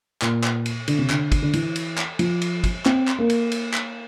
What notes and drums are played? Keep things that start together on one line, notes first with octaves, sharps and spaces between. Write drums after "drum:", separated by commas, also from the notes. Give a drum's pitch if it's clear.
A#2, drum: clap
drum: clap
drum: cymbal
D3, drum: cymbal
C3
D3, drum: clap
drum: kick, cymbal
D3
E3, drum: cymbal
drum: cymbal
drum: clap
F3, drum: cymbal
drum: cymbal
drum: kick, cymbal
C4, drum: clap
drum: clap
A#3
drum: cymbal
drum: cymbal
drum: clap